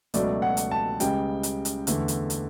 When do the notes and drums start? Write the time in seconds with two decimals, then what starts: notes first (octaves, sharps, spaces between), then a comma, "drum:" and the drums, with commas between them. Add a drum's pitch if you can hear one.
0.14 C#2 B2 F#3 A3 D5, drum: hi-hat
0.42 F#5
0.57 drum: hi-hat
0.71 A5
1.00 C#2 C#3 G3 G5, drum: hi-hat
1.43 drum: hi-hat
1.65 drum: hi-hat
1.87 E2 D3 A3, drum: hi-hat
2.08 drum: hi-hat
2.30 drum: hi-hat